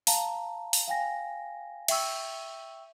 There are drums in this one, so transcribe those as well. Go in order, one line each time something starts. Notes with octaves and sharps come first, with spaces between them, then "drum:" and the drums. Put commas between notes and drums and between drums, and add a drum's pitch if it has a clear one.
F5 A5 A#5, drum: open hi-hat
drum: open hi-hat
F5 G5 G#5 A#6
E5 G5 C#6 E6, drum: cymbal